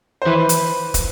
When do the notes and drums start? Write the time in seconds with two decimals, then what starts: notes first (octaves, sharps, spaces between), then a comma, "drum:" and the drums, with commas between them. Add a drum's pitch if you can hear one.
0.22 C5
0.26 E3 B4
0.49 drum: hi-hat
0.94 drum: kick, hi-hat